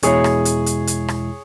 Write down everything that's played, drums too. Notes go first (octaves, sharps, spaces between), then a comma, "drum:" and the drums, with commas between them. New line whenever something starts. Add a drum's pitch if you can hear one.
E2 B2 G#3 E4 G#4 C#5, drum: hi-hat
drum: rim click
drum: hi-hat
drum: hi-hat
drum: hi-hat
drum: rim click